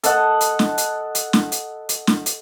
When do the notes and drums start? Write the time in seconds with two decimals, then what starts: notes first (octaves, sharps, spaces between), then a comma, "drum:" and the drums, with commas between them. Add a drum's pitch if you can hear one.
0.03 A4 D#5 F#5, drum: hi-hat
0.41 drum: hi-hat
0.59 drum: snare
0.78 drum: hi-hat
1.15 drum: hi-hat
1.33 drum: snare
1.52 drum: hi-hat
1.89 drum: hi-hat
2.07 drum: snare
2.26 drum: hi-hat